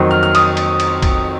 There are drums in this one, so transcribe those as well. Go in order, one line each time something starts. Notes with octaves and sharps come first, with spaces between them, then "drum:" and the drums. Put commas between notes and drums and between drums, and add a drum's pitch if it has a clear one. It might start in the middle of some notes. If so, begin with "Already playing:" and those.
Already playing: F2 D#3 F#3 C4 D#4
F6
F6
D#6, drum: cymbal
drum: cymbal
drum: cymbal
drum: kick, cymbal